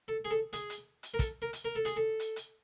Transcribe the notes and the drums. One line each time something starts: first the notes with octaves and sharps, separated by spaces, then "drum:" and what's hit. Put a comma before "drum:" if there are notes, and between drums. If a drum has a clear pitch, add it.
A4
G#4
A4
G#4, drum: hi-hat
drum: hi-hat
drum: hi-hat
A#4
A4, drum: kick, hi-hat
A#4
drum: hi-hat
A#4
A4
G#4, drum: hi-hat
A4
drum: hi-hat
drum: hi-hat